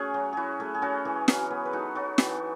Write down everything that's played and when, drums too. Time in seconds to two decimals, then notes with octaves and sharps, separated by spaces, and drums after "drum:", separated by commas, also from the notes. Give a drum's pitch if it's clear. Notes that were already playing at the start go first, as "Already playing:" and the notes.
Already playing: A3 C#4 F#4 G#4
0.14 F#3
0.33 E4 F#4 G#4
0.60 A3 G#4
0.75 G#4
0.82 C#4 F#4 A4
1.05 E3 G#4
1.28 F#3, drum: snare
1.50 B3 G#4
1.65 B4
1.73 D#4 F#4 A4
1.95 F#3 F#4 A4
2.18 E3 F#4 A4, drum: snare